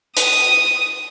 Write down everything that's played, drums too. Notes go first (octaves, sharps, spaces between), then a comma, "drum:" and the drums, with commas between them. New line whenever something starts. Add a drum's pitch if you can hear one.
D#6, drum: hi-hat